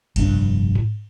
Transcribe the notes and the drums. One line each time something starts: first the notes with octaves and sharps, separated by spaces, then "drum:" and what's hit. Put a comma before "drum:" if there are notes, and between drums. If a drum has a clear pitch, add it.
F1 A#1 G2 D4, drum: kick A#1, cymbal
drum: tom G#2